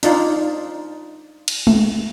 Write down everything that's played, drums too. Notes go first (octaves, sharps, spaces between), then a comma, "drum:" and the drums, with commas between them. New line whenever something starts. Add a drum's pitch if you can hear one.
D4 D#4 F4, drum: hi-hat
drum: cymbal
drum: tom G#3